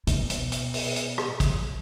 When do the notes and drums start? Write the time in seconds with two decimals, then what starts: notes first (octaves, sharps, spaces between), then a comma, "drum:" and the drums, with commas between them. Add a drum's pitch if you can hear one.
0.07 B2, drum: hi-hat
0.30 drum: hi-hat
0.52 drum: hi-hat
0.74 drum: open hi-hat
0.96 drum: hi-hat
1.18 drum: rim click
1.40 drum: kick, hi-hat